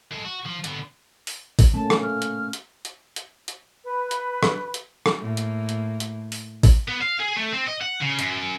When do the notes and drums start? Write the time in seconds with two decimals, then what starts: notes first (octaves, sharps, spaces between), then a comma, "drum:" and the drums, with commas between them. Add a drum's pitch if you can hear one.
0.12 G#3 A4
0.25 F#4
0.45 F3
0.64 D3 B3, drum: hi-hat
1.27 drum: open hi-hat
1.59 drum: kick A1, open hi-hat
1.74 A3 A#3 C#4 A5
1.90 drum: rim click
2.03 F6
2.22 drum: hi-hat
2.53 drum: hi-hat
2.85 drum: hi-hat
3.16 drum: hi-hat
3.48 drum: hi-hat
3.86 B4
4.11 drum: hi-hat
4.43 drum: rim click
4.74 drum: hi-hat
5.06 drum: rim click
5.19 A2 A#3
5.37 drum: hi-hat
5.69 drum: hi-hat
6.00 drum: hi-hat
6.32 drum: open hi-hat
6.63 drum: kick A1, open hi-hat
6.88 B3
7.01 F5
7.20 G#4
7.36 A3
7.52 C4
7.67 D#5
7.81 F#5
8.01 C#3
8.19 F#2, drum: hi-hat